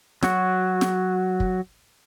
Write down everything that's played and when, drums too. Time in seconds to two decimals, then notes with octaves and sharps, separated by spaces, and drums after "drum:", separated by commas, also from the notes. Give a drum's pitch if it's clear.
0.23 F#3 F#4, drum: snare
0.81 drum: snare
1.40 drum: kick